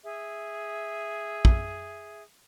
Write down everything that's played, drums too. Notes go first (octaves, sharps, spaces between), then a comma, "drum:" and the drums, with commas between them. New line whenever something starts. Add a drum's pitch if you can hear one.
G#4 E5
drum: kick